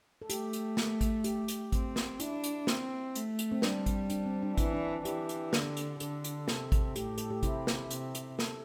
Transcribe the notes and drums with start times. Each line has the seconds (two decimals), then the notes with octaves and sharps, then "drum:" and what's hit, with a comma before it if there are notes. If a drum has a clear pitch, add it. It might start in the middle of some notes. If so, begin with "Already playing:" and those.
0.22 A4
0.30 A3 G4, drum: hi-hat
0.53 drum: hi-hat
0.77 drum: snare
1.01 drum: kick G#1, hi-hat
1.24 G4, drum: hi-hat
1.48 drum: hi-hat
1.72 C4, drum: kick G#1, hi-hat
1.96 drum: snare
2.20 D4 E4, drum: hi-hat
2.44 drum: hi-hat
2.67 C4, drum: snare
3.15 A3, drum: hi-hat
3.39 drum: hi-hat
3.52 C4
3.62 G3 D4, drum: snare
3.86 drum: kick G#1, hi-hat
4.10 D4, drum: hi-hat
4.26 C4
4.42 D4
4.58 E3 D4, drum: kick G#1, hi-hat
4.66 E4
4.73 D4
5.05 E3 G4, drum: hi-hat
5.29 drum: hi-hat
5.53 D3, drum: snare
5.77 drum: hi-hat
6.00 D3 A4, drum: hi-hat
6.24 drum: hi-hat
6.48 C3 A4, drum: snare
6.72 drum: kick G#1, hi-hat
6.96 A2 G4, drum: hi-hat
7.18 A4, drum: hi-hat
7.30 G4
7.43 C3 E4, drum: kick G#1, hi-hat
7.67 drum: snare
7.91 C3, drum: hi-hat
8.15 drum: hi-hat
8.39 A4, drum: snare